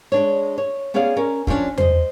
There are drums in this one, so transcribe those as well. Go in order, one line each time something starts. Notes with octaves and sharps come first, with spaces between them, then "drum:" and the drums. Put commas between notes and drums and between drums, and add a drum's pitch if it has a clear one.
G#3 D4 C#5
C#5
B3 C#4 G#4 C#5 D5 F5
C#4 A#4
D3 F3 C#4 D4 C#5, drum: kick
C5 D#5, drum: tom E2